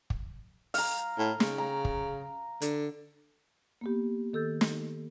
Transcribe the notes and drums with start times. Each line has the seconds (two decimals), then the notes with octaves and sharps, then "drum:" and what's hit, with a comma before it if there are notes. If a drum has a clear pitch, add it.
0.10 drum: kick
0.74 F5 A#5, drum: open hi-hat
1.18 A2
1.40 C#3, drum: snare
1.58 A#5
1.85 drum: kick
2.62 D3, drum: hi-hat
3.81 A#3 B3 G4
4.33 D#3 A4 E6 G6 A6
4.61 drum: snare